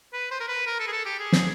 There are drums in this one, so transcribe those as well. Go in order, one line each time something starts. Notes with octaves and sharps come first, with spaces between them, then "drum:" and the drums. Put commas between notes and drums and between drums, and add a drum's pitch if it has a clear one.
B4
C5
A#4
B4
A#4
A4
G#4
A4
G4
G#4
drum: snare